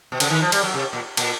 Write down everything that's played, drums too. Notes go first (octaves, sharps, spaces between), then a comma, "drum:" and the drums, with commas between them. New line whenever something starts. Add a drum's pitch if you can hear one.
B2
C#3, drum: cymbal
D#3
F3
G3, drum: cymbal
F#3
C3
A#2
A#2, drum: cymbal